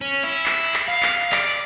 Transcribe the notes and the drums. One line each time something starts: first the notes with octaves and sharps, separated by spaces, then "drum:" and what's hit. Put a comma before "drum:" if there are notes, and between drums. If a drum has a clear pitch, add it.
C#4
E4
drum: clap
drum: clap
F5
drum: clap
D5, drum: clap